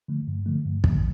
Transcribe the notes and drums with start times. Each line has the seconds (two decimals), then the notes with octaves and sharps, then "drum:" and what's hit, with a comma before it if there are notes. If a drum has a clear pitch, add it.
0.08 D3 F3 A3
0.28 G2
0.46 D3 F3 A3
0.65 G2
0.84 D3 F3 A3, drum: kick